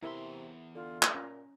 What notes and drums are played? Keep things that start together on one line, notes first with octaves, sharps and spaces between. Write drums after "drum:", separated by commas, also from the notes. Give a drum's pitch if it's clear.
E2 C3 E4 A#4 E5 C6
D3 F4
drum: clap
A#2 C#4 A#5